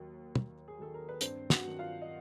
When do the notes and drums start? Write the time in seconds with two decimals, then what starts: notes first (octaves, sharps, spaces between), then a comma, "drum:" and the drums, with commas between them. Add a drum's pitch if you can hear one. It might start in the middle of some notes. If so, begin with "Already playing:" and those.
Already playing: D#2 D#3 F#3
0.35 D#2, drum: tom
0.68 G#4
0.78 D#3 F#3 A4
0.94 A#4
1.09 B4
1.21 G2 C4 C5, drum: hi-hat
1.50 F#4 F#5, drum: snare
1.64 D#3 F#3
1.79 F4 F5
2.02 D#5